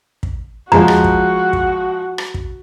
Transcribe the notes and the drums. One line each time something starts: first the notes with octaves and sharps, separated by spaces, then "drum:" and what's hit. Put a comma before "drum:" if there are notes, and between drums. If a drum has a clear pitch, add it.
drum: kick
F3 G#3 F4 F#4 A#5, drum: tom E2
drum: rim click
drum: kick
drum: kick
drum: rim click
drum: kick